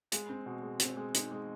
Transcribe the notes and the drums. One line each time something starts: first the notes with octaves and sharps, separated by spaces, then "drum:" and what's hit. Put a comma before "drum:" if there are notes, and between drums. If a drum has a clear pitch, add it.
G#3, drum: hi-hat
C4
B2
G#3
C4, drum: hi-hat
G#3
D#4, drum: hi-hat
G#3